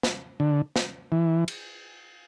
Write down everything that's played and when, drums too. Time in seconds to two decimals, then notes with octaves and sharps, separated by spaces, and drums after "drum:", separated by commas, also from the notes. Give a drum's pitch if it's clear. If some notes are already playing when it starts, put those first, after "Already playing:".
0.03 drum: snare
0.40 D3
0.76 drum: snare
1.12 E3
1.48 drum: cymbal